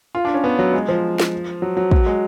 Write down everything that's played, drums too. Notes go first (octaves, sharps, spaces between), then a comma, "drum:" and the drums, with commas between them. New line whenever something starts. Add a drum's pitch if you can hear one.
F4
D4
C#4
B3
F#3
G#3
F3
drum: snare
F#3
F#3
F#3, drum: kick
G#3